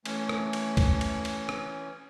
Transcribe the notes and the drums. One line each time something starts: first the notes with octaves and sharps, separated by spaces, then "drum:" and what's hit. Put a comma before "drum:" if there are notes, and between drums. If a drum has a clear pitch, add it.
E3 A3 C#4, drum: cymbal
drum: rim click
drum: cymbal
drum: kick, cymbal
drum: cymbal
drum: cymbal
drum: rim click